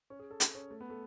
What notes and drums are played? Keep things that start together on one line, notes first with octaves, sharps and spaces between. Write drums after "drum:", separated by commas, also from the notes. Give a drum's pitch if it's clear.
C#4
G#4
A4
G#4, drum: hi-hat
C#4
A3
B3
A3